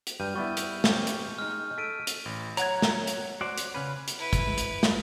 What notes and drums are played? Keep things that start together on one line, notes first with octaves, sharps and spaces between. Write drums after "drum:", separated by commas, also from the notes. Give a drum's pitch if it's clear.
drum: hi-hat
G2 F6 G6 D#7
G3 B3 E4 C#6
drum: hi-hat
C4 C#4 G4, drum: snare
drum: hi-hat
G#3 D#4 F6
A4 B6 D7 D#7
drum: hi-hat
A1
F#3 C#5 F#5 A#5 G#6, drum: hi-hat
drum: snare
drum: hi-hat
F#4 C5 D5
drum: hi-hat
C#3 C#4 B4
drum: hi-hat
E4 B4
drum: kick, hi-hat
G#3
drum: hi-hat
drum: snare